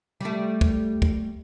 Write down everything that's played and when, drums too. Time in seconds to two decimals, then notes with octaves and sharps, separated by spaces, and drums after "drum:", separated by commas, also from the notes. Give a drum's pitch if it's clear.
0.21 G3 A3
0.61 drum: kick
1.02 drum: kick